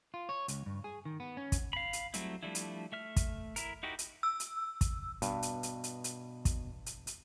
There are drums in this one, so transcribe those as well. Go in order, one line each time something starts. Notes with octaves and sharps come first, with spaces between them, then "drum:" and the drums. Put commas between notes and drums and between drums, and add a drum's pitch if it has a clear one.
F4
C#5
C#2, drum: hi-hat
G2
G#4
D#3
B3
C#4
drum: kick, hi-hat
F5 B5
drum: hi-hat
F#3 G3 A3 C4 E4, drum: hi-hat
F3 G3 A3 D4 E4
drum: hi-hat
A3 E5 F6
drum: kick, hi-hat
E4 A#4, drum: hi-hat
D#4 E4 F#4 G4 A#4
drum: hi-hat
E6
drum: hi-hat
drum: kick, hi-hat
G2 B2, drum: hi-hat
drum: hi-hat
drum: hi-hat
drum: hi-hat
drum: hi-hat
drum: kick, hi-hat
drum: hi-hat
drum: hi-hat